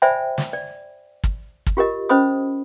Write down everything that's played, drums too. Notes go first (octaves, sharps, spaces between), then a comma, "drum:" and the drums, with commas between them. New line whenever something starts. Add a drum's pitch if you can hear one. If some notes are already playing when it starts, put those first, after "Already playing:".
C5 D5 E5 G5 G#5 B5
drum: snare
D5
drum: kick
drum: kick
F4 G4 A#4 D#5
C#4 C5 D#5 B5 D#6